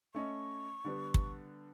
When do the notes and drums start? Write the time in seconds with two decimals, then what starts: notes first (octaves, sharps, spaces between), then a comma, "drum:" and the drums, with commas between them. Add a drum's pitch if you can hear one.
0.15 A3 C#4 D#5 C#6
0.84 D3 G3 B3
1.14 drum: kick